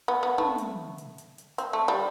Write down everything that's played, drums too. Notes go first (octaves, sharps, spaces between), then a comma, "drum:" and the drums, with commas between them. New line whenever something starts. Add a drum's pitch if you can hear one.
B3
B3
A3, drum: tom
drum: hi-hat
drum: hi-hat
drum: hi-hat
drum: hi-hat
C4, drum: hi-hat
A3
G3